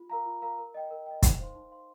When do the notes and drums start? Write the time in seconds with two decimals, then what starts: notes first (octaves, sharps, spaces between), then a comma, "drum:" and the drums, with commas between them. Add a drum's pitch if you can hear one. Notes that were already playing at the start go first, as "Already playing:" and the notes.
Already playing: F4
0.10 A#4 F5 A#5
0.26 F4
0.42 A#4 F5 A#5
0.58 A#4
0.74 D#5 G5
0.91 A#4
1.06 D#5 G5
1.23 D#4, drum: kick, hi-hat
1.39 C5 F5 C6
1.55 D#4
1.71 C5 F5 C6